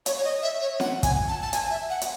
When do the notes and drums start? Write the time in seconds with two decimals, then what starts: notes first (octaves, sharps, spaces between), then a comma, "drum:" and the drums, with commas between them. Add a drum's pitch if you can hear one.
0.06 C#5, drum: hi-hat
0.18 C#5
0.24 D#5
0.42 E5
0.61 C#5
0.80 F#5, drum: snare
1.03 G#5, drum: kick, hi-hat
1.28 A5
1.42 A5
1.53 G#5, drum: hi-hat
1.70 E5
1.90 F#5
2.02 drum: hi-hat